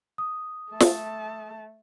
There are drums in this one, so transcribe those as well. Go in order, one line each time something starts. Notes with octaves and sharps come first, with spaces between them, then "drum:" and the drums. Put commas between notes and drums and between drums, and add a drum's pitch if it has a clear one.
D#6
A3 A5
drum: snare